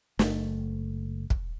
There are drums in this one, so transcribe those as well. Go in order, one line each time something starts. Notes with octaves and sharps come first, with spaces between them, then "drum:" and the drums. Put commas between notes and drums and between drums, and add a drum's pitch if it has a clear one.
F#1 A3, drum: snare
drum: kick